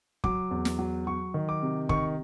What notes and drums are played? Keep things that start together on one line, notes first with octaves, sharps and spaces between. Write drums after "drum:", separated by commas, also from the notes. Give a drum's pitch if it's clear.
F#3 D6, drum: kick
E2
drum: snare
F#3
F#3 C#6
D#3
D6
C3
D#3 C#6, drum: kick